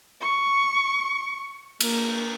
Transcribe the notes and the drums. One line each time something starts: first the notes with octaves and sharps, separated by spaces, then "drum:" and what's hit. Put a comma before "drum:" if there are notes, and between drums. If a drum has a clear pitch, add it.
C#6
A#3, drum: cymbal